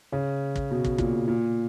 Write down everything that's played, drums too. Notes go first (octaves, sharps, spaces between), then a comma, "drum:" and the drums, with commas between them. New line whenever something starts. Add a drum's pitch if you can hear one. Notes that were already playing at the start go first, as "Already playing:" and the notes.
C#3
drum: kick
B2
drum: kick
A#2, drum: kick
A#2